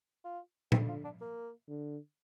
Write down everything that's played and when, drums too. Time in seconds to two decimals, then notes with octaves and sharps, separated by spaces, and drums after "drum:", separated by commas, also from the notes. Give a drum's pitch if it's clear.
0.24 F4
0.72 D3 C4, drum: tom A#2
0.89 F4
1.04 D4
1.21 A#3
1.68 D3